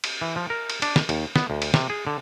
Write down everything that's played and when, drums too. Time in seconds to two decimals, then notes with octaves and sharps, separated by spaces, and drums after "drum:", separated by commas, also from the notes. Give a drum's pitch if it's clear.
0.04 drum: cymbal
0.21 E3
0.36 F3
0.50 A#4
0.70 drum: cymbal
0.82 D4, drum: cymbal
0.96 drum: snare
1.09 D#2, drum: cymbal
1.36 B3, drum: snare
1.50 D2
1.62 drum: cymbal
1.74 C3, drum: snare
1.90 G#4
2.07 D3